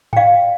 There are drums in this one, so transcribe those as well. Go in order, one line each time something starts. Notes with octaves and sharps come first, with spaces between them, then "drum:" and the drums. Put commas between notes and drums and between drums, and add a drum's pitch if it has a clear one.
G5, drum: tom G#2
D5 F5